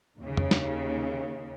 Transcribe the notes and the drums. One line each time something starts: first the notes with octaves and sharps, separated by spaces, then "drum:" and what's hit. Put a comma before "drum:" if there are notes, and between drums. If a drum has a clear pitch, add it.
D#2 C#3
drum: tom F2
drum: snare